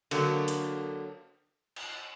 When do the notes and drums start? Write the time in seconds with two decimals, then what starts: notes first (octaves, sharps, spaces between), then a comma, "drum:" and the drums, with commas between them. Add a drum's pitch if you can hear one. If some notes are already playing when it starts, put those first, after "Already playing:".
0.11 D3 F#3 A#3, drum: cymbal
0.48 drum: hi-hat
1.76 drum: cymbal